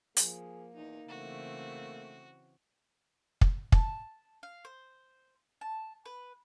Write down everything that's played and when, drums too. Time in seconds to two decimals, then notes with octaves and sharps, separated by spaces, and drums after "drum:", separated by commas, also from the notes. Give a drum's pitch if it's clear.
0.17 F3 A#3 G#4, drum: hi-hat
0.75 E2 D#4
1.08 C#3 E3 A3 C4 F#4
3.41 drum: kick
3.72 A5, drum: kick
4.43 F5
4.65 C5
5.61 A5
6.06 B4